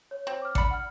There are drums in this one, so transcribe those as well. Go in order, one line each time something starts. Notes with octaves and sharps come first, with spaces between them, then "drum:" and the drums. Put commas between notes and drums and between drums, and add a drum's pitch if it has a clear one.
C#5
C4
D6 F6
D4 B5 C#7, drum: kick A1
F#5 F6